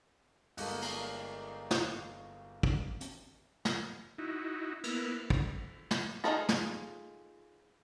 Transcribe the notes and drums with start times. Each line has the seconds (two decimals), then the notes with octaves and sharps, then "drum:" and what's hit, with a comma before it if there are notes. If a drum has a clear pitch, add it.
0.57 G1 G#3 A#3 D#4 F#4 A5, drum: open hi-hat
0.82 drum: cymbal
1.71 drum: snare
2.63 drum: kick
3.01 drum: hi-hat
3.65 drum: snare
4.18 D#4 E4 F#4
4.84 A#3 B3 E4, drum: cymbal
5.30 drum: kick
5.91 drum: snare
6.24 D#4 F4 G#4 A4, drum: rim click
6.49 drum: snare